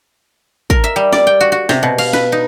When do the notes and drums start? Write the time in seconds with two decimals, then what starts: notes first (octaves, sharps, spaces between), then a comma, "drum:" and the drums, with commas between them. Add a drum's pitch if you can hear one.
0.70 A#4, drum: kick
0.84 E5
0.96 G3
1.13 D5, drum: snare
1.27 G5
1.41 F#4
1.52 F#4
1.69 C3, drum: snare
1.83 B2
1.98 F5, drum: cymbal
2.13 B4, drum: snare
2.32 D#4